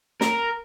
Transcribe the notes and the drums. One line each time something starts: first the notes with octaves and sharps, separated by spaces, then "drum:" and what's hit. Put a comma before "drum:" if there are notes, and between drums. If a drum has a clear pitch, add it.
A#4, drum: snare